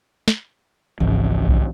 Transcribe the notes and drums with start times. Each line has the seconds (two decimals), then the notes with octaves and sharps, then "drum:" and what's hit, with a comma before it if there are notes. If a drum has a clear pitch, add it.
0.28 drum: snare
1.00 G#1 C#2 E3 F3
1.49 drum: kick B1